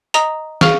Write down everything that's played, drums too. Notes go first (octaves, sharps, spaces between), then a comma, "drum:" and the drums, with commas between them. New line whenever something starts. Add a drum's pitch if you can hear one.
D#5 A#5 D#6, drum: hi-hat
G#4 F5 C#6 F6, drum: snare